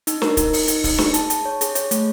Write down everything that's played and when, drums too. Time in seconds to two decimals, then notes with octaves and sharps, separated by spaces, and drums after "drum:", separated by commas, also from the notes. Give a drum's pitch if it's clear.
0.07 D#4, drum: hi-hat
0.22 A#4, drum: snare
0.37 D#4, drum: kick D1, hi-hat
0.53 D#4, drum: open hi-hat
0.68 D#4, drum: hi-hat
0.84 D#4, drum: kick D1, open hi-hat
0.98 G#4, drum: snare
1.14 A5, drum: hi-hat
1.30 A5, drum: hi-hat
1.45 C#5
1.61 G#4, drum: hi-hat
1.75 C#5, drum: hi-hat
1.91 A3, drum: hi-hat